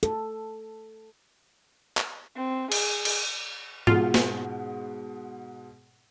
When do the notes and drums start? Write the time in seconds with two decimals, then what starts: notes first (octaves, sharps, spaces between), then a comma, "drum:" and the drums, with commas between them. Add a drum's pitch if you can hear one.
0.03 A4, drum: hi-hat
1.97 drum: clap
2.36 C4
2.72 G#4, drum: cymbal
3.05 drum: cymbal
3.87 G#2 B2 F4, drum: tom G#2
4.14 drum: snare